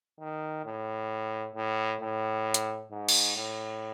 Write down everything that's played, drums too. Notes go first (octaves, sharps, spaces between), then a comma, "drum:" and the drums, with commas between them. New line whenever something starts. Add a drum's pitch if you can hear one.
D#3
A2
A2
A2
drum: hi-hat
G#2
drum: cymbal
A2